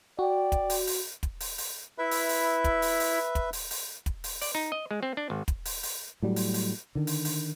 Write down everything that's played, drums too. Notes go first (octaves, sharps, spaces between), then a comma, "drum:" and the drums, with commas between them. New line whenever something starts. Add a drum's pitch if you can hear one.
F#4 D5 G5
drum: kick, hi-hat
drum: open hi-hat
drum: open hi-hat
drum: kick, hi-hat
drum: open hi-hat
drum: open hi-hat
E4 B4 E5
drum: open hi-hat
drum: open hi-hat
drum: kick, hi-hat
drum: open hi-hat
drum: open hi-hat
drum: kick, hi-hat
drum: open hi-hat
drum: open hi-hat
drum: kick, hi-hat
drum: open hi-hat
D5, drum: open hi-hat
D#4
D#5
G#3
C4
D4
G#1
drum: kick, hi-hat
drum: open hi-hat
drum: open hi-hat
A2 F#3 G3
drum: open hi-hat
drum: open hi-hat
D3 D#3
drum: open hi-hat
drum: open hi-hat